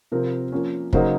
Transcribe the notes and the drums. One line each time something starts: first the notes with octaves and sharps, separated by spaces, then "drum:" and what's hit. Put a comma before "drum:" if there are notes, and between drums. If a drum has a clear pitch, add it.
C3 F3 C4 A#4
F3 A#3 C#4
C#3 F#3 A#3 D#4 C5, drum: kick